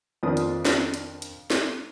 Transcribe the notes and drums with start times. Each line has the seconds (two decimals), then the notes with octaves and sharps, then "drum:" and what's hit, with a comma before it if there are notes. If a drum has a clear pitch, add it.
0.23 F2 D#3 F3 D4 D#6
0.37 drum: hi-hat
0.65 drum: snare
0.94 drum: hi-hat
1.22 drum: hi-hat
1.50 drum: snare